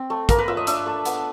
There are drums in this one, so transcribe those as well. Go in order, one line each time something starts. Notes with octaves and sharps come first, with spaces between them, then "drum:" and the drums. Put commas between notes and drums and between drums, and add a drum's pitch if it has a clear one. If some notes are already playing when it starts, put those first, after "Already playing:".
Already playing: C4
A3
A#3 A#4, drum: kick, hi-hat
B4
F4 E5
D#5
D4 E5, drum: hi-hat
A3
B3, drum: hi-hat